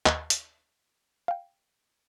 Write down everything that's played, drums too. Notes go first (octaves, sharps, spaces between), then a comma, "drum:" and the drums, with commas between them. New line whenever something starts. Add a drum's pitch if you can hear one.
D#2 D#5, drum: clap
drum: hi-hat
F5 G5